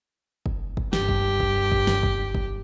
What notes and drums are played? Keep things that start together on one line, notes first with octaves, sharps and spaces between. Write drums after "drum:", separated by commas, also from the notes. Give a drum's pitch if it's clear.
drum: kick F#1
drum: kick F#1
G2 G4, drum: snare
drum: kick F#1
drum: kick F#1
drum: kick F#1
drum: snare
drum: kick F#1
drum: kick F#1